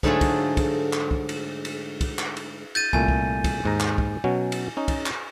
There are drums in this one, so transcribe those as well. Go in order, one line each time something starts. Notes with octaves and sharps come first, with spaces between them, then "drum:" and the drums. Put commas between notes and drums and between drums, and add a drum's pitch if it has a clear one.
G#2 D3 F#3 A3 F4 G#4, drum: kick
drum: kick, cymbal
drum: kick, cymbal
drum: clap
drum: kick
drum: cymbal
drum: cymbal
drum: kick, cymbal
drum: clap
drum: cymbal
G6 A6 D#7, drum: cymbal
C2 A#2 A3 G#5, drum: kick
drum: kick
drum: kick, cymbal
D#2 G#2 A#5
drum: clap
drum: kick
B2 F#3 C#4
drum: cymbal
C#4 D#4
drum: kick, cymbal
drum: clap